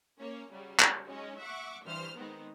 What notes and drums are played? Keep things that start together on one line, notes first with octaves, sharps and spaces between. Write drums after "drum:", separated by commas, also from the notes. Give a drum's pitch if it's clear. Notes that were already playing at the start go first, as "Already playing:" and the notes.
A#3 C#4 C#5
C#3 F#3 G3
drum: clap
F#3 G#3 C#4 D#4
E5 F#5 C#6 D6
G2 E3 C5 F6
D#3 G#3 B3 C4 D#4